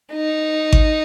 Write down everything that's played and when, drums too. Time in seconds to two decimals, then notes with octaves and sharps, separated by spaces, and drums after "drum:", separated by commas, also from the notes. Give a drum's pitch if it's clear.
0.13 D#4
0.73 drum: kick G#1